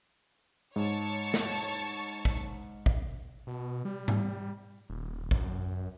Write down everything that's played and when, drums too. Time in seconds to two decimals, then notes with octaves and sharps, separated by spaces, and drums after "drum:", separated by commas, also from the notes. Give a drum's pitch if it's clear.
0.76 G#2 C#5 A5 C#6
1.34 drum: snare
2.25 drum: kick
2.86 drum: kick
3.47 B2
3.85 G3
4.08 drum: tom G#2
4.90 D#1
5.31 F#2, drum: kick